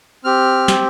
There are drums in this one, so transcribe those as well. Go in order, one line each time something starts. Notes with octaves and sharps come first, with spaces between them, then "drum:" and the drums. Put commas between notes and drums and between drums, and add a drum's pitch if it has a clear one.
C4 G4 F6
drum: snare